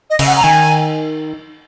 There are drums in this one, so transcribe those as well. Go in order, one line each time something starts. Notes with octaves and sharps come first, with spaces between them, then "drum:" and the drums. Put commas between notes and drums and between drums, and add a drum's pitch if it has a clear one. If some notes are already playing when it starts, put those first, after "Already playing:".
D#5
C#3, drum: cymbal
F#5
A#5
D#3 G#5